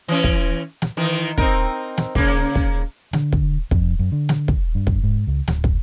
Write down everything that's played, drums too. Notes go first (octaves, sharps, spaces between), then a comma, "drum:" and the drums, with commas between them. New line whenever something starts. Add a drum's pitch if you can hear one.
E3 C#4
drum: kick
drum: snare
D#3 E3
C4 D#4 A#4, drum: kick
drum: snare
C#3 A#3, drum: kick
drum: kick
D3, drum: snare
drum: kick
F2, drum: kick
F#2
D3
drum: snare
drum: kick
G2
drum: kick
G#2
C#2
D1, drum: snare
drum: kick